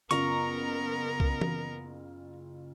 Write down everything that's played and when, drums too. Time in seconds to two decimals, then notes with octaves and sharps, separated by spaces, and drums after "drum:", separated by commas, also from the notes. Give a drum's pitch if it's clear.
0.11 F#1 B3 F4 A#4 A#5 C#6, drum: hi-hat
1.20 drum: kick C2
1.41 drum: tom E3